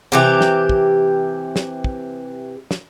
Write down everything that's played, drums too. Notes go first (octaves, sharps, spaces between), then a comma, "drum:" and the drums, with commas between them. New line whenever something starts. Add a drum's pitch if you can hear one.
C3 E3 G4
drum: snare
drum: kick
drum: snare
drum: kick
drum: snare